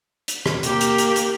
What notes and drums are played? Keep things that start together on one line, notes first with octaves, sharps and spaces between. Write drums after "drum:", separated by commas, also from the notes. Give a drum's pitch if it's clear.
drum: hi-hat
drum: rim click
A#3 G4, drum: hi-hat
drum: hi-hat
drum: hi-hat
drum: hi-hat